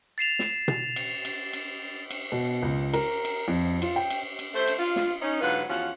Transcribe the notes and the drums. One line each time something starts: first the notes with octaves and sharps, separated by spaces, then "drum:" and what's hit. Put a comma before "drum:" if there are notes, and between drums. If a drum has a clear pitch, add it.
A6 C7 E7 F7
drum: snare
drum: tom B2
drum: cymbal
drum: cymbal
drum: cymbal
drum: cymbal
B2
C#2
A#4, drum: cymbal
drum: cymbal
F2
F4, drum: cymbal
G5
drum: cymbal
drum: cymbal
A3 C5
drum: cymbal
F4
drum: snare
C#4 D#4
G#2 D3 F#3 F4 B4
E2 F3 C#4 F4 F#4 F#5